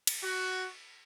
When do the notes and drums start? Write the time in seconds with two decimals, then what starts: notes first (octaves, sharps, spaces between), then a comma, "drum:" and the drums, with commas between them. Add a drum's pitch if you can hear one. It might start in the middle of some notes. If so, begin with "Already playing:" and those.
0.07 drum: cymbal
0.24 F#4